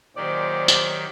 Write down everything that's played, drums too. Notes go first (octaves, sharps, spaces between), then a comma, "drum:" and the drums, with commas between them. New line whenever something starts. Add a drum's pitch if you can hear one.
A#2 D#3 F#3 G4 C5 D5
drum: tambourine